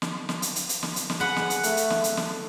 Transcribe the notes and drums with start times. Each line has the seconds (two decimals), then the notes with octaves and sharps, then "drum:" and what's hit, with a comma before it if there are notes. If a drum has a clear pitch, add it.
0.02 drum: snare
0.29 drum: snare
0.42 drum: hi-hat
0.56 drum: hi-hat
0.69 drum: hi-hat
0.83 drum: snare
0.96 drum: hi-hat
1.10 drum: snare
1.20 G#4 B4 F#5
1.36 drum: snare
1.50 drum: hi-hat
1.63 A3, drum: hi-hat
1.77 drum: hi-hat
1.90 drum: snare
2.04 drum: hi-hat
2.17 drum: snare